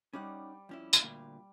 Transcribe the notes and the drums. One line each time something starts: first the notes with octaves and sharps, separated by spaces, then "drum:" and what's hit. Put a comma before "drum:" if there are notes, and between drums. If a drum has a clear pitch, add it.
G3 C#4 D#4 D5 F#5
F2 C#4 E4
drum: tambourine
D2 A#2 F5